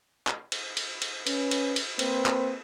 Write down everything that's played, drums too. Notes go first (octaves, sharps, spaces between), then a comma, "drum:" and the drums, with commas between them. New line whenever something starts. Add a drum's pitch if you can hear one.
drum: clap
drum: cymbal
drum: cymbal
drum: cymbal
C#4 B4, drum: cymbal
drum: cymbal
drum: cymbal
A#3 C4 B4 C5, drum: cymbal
drum: clap